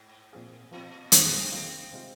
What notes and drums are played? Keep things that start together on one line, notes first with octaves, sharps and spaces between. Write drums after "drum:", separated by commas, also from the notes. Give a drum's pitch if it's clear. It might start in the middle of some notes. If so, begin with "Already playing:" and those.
Already playing: G#2
A#2 F3 C4 G#4 F5
A#2 F3 C4 F4
F2 D#3 G#3 A#3, drum: hi-hat
C4
D#3 A#3 C4 F4 C5 D#5
C3 G#3 F4